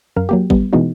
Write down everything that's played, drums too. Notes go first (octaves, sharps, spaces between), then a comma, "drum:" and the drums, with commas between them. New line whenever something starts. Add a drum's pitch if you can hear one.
F#2 A#4 F5
F#3 A#3 G4
G3 B3, drum: kick G#1
B2 E3 G#3 B3 D#4 F#4